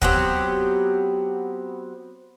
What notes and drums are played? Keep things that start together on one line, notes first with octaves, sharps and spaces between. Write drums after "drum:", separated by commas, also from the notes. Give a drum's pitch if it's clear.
F#3 B3 C4 G4, drum: kick